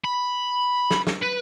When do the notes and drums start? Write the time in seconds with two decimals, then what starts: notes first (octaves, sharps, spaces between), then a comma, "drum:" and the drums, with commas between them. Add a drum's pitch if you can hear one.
0.05 B5
0.91 drum: snare
1.07 drum: snare
1.23 B4